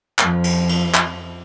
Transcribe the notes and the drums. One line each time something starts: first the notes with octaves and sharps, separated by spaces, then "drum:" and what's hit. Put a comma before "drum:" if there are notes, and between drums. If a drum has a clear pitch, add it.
F2 F3, drum: clap
drum: cymbal
drum: cymbal
drum: clap